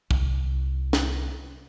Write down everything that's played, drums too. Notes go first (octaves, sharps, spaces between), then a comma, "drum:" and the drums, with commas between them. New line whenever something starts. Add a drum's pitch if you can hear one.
C2 C#4, drum: kick
drum: snare